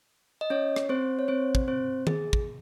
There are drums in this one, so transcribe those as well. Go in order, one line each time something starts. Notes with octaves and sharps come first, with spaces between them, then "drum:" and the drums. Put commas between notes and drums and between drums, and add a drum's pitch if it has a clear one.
D#5
C#4 C#5
drum: rim click
C4 C5
C#5
C4 C5
drum: kick
C4 C5
G#4, drum: tom D#3
drum: kick